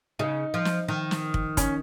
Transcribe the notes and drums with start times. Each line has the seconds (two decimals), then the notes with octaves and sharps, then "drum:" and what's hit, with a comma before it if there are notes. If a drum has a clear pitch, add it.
0.19 C#3 D#4
0.54 F3
0.65 drum: snare
0.88 D#3
1.11 drum: snare
1.34 drum: kick
1.57 C#4, drum: kick, hi-hat